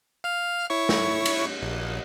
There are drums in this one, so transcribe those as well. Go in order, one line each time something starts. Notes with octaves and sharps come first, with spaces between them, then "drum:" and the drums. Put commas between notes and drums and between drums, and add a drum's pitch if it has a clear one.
F5 F6
E4 C#5 C#6
drum: snare
drum: cymbal
A#1